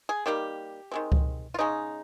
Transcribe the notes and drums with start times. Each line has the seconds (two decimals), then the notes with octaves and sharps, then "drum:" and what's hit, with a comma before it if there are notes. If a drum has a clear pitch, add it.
0.09 G#4
0.26 D#3 G3 A#3 G4
0.91 D#3 G#3 C4
1.12 drum: kick C#2
1.54 F4
1.59 C#3 G#3 C#4 D#4